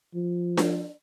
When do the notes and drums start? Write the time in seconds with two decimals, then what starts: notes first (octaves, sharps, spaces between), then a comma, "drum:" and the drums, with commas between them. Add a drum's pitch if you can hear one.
0.14 F3
0.57 drum: snare D4